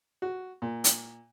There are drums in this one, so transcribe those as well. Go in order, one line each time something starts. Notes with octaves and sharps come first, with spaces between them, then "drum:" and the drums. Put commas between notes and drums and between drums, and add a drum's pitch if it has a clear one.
F#4
A#2
drum: hi-hat